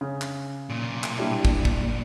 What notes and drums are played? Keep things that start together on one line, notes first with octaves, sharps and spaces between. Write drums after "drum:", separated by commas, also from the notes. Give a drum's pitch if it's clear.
C#3
drum: clap
B1 A#2
drum: clap
G3 D4 E4
drum: kick
drum: kick